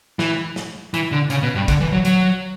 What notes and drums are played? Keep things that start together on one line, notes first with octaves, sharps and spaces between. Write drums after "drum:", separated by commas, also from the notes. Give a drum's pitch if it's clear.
E3, drum: snare
drum: snare
E3, drum: hi-hat
D3
C#3, drum: hi-hat
B2
G2
D3, drum: kick, hi-hat
E3
F#3
F#3, drum: hi-hat